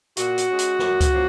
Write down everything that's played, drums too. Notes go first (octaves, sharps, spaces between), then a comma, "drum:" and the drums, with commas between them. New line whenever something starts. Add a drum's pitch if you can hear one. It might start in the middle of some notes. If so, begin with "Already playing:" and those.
A#2 F#4, drum: hi-hat
drum: hi-hat
G#3 C#4
drum: hi-hat
F#2, drum: snare
drum: kick C#2, hi-hat
F3 A#3 C#4